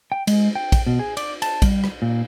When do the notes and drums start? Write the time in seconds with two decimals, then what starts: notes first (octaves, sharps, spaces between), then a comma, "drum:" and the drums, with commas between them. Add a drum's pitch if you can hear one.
0.12 G5
0.27 G#3, drum: cymbal
0.55 G5
0.72 drum: kick, cymbal
0.87 B2
0.99 G#4
1.17 D5, drum: cymbal
1.42 A5, drum: cymbal
1.62 G3, drum: kick, cymbal
1.84 drum: rim click
2.02 A#2